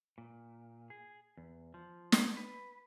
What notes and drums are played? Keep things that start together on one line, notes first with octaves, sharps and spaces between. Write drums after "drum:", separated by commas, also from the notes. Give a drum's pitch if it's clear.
A#2
G#4
E2
F3
A4, drum: snare
B4